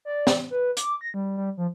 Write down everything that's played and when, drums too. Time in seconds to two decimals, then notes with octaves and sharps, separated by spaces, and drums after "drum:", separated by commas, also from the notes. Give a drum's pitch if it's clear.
0.05 D5
0.27 drum: snare
0.51 B4
0.77 D6, drum: hi-hat
1.01 A#6
1.14 G3
1.37 G3
1.57 F3